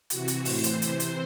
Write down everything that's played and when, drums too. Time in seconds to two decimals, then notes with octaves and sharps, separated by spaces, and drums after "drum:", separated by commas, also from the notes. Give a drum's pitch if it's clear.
0.10 C3 E3 F#4, drum: hi-hat
0.28 drum: hi-hat
0.45 A2 E3 C5, drum: open hi-hat
0.64 drum: hi-hat
0.82 C3 E3 C5, drum: hi-hat
1.00 drum: hi-hat